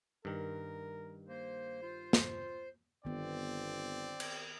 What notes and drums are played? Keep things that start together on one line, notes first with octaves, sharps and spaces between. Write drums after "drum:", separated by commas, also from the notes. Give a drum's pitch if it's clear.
G2 D#3 A#4
A#3 C5
F4
drum: snare
G1 D#3 B3 C4 D5
drum: cymbal